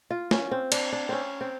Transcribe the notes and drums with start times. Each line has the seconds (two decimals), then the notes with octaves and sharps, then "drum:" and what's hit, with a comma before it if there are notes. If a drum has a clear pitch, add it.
0.10 F4
0.31 C#4, drum: snare
0.51 C4
0.72 D4, drum: cymbal
0.93 D4
1.09 C4 C#4
1.41 C4